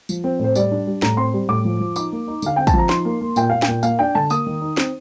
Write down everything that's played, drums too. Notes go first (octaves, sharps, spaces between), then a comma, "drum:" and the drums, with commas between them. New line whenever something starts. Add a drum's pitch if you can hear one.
F3, drum: tambourine
C4
A2 C5
G3 D5, drum: tambourine
D4
G3
A2 A#5, drum: snare
C4 C6
G3
A2 D6
F3
F3
D#4 D6, drum: tambourine
A#3
D#4
D3 F5, drum: tambourine
C4 G5
A5, drum: kick, tambourine
F3 A#5
D#4 C6, drum: snare
A#3
A#3
A#2 G5, drum: tambourine
A#2 F5
G5, drum: snare
A#2
A#3 F5, drum: tambourine
D4 G5
D3 A5
A#3 D#6, drum: tambourine
D#3
D#4
C4, drum: snare